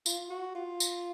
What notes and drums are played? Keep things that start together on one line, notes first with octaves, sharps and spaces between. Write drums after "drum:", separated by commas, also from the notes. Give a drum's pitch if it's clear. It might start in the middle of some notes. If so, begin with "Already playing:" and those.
F4, drum: tambourine
F#4
F4
drum: tambourine